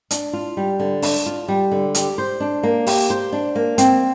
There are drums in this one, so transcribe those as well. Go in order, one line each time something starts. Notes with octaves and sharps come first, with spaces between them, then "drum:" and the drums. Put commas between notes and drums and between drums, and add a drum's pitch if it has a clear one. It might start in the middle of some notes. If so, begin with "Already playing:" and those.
D4, drum: hi-hat
F4
G3
D3
D4, drum: open hi-hat
F4
G3
D3
G4, drum: hi-hat
C5
D4
A#3
G4, drum: open hi-hat
C5
D4
A#3
C4, drum: hi-hat